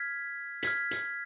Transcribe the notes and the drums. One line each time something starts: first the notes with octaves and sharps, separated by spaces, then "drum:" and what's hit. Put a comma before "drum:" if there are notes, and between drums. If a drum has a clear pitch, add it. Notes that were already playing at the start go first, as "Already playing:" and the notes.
Already playing: F6 G#6 B6
F6 G#6 B6, drum: hi-hat
drum: hi-hat